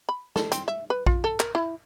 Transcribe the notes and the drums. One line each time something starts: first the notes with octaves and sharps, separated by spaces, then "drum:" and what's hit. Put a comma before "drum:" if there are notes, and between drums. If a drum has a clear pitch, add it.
B5
A4, drum: snare
C4, drum: hi-hat
E5
B4
F4, drum: kick A#1
A4
A#4, drum: clap
E4